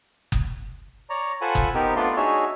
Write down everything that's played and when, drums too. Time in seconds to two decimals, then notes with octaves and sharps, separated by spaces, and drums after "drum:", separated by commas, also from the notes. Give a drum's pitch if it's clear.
0.32 drum: kick F#1
1.10 C#5 D5 A#5
1.41 F4 A4 C5 F#5 G#5 B5
1.55 drum: kick F#1
1.74 B3 C4 D#4 G4 A#4
1.96 A3 B3 D4 F4 D5 C6
2.16 D4 D#4 F#4 G#4 C#5 E5